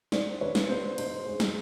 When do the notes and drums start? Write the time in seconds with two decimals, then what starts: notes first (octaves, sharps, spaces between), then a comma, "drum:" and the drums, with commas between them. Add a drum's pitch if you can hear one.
0.12 G#3 C5 D5, drum: snare
0.41 D#3 B4 C#5
0.55 drum: snare
0.69 B3 C5
0.98 D#4 C5, drum: cymbal
1.26 G#3
1.40 drum: snare